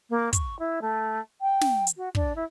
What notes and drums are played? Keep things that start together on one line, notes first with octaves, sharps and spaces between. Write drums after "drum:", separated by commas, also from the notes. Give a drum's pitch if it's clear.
A#3
C#6, drum: kick, hi-hat
E4
A3
G5
drum: snare
drum: hi-hat
F#4
D4, drum: kick
E4